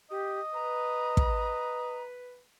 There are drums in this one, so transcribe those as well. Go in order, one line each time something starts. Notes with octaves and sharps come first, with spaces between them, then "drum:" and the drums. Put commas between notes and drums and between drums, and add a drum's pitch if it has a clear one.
G4 D#5
B4 A#5
drum: kick